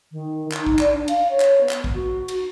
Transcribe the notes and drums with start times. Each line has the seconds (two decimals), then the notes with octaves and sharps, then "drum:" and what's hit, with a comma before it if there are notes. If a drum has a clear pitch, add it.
0.11 D#3
0.52 D#4, drum: clap
0.66 drum: kick
0.79 D5, drum: clap
0.92 D4
1.08 F5, drum: cymbal
1.29 C#5
1.40 drum: clap
1.60 B3
1.69 drum: clap
1.84 drum: kick
1.93 F#4
2.28 drum: cymbal